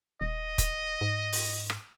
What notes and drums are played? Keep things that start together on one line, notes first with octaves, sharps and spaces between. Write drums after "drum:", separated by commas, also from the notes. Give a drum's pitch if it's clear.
D#1 D#5
drum: kick, hi-hat
G#2
drum: open hi-hat
drum: rim click